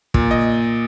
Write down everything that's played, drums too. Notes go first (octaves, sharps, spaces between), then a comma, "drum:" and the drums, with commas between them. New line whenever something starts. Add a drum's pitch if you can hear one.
A#2, drum: kick
D#5